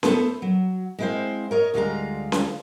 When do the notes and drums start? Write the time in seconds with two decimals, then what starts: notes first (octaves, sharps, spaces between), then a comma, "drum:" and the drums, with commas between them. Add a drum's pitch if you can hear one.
0.03 A3 B3 E4 A4 A#4 C5, drum: snare C#4
0.42 F#3
0.99 G#3 C4 E4 B4 C5 F5
1.51 A#4 C#5 D#5
1.74 D2 G3 G#3 F4 F5 A#5
2.32 drum: snare C#4